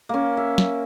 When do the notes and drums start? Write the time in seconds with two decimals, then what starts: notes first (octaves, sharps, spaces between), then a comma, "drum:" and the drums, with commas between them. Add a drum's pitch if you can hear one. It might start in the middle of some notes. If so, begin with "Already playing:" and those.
0.09 A#3 C#4
0.37 E5
0.58 drum: snare